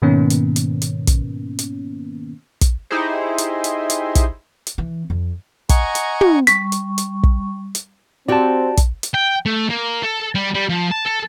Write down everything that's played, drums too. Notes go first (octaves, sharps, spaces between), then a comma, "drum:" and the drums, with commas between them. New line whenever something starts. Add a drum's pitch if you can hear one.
G#2 B2 D#3 A#3 B3 C#4
drum: hi-hat
drum: hi-hat
drum: hi-hat
drum: kick, hi-hat
drum: hi-hat
drum: kick, hi-hat
D#4 E4 G4 G#4 C5
drum: hi-hat
drum: hi-hat
drum: hi-hat
drum: kick, hi-hat
drum: hi-hat
E3
F2
D#5 F#5 G#5 A#5 C#6, drum: kick, hi-hat
drum: hi-hat
drum: tom
G3 C#6 B6, drum: hi-hat
drum: hi-hat
drum: hi-hat
drum: kick
drum: hi-hat
C4 F#4 G4 D5 A5
drum: kick, hi-hat
drum: hi-hat
G5
A3
A#3
A4
G3
G3
F3
A5
A4